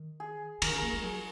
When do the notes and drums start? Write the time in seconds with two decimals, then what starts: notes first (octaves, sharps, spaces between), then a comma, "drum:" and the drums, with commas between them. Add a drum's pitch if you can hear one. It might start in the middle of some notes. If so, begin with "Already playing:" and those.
Already playing: D#3
0.20 G#4
0.62 D#3 A#4, drum: cymbal
0.70 C#3 G#4
0.78 A#3 A#4
0.93 G#3
1.03 F#3 G#4